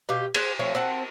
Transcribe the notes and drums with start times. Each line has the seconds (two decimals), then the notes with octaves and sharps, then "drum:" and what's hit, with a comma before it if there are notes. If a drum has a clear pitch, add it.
0.09 B2 F4 G4
0.34 G#4 C5 F#5, drum: cymbal
0.59 F3 A3 C4 C#5
0.75 C4 F#5 A5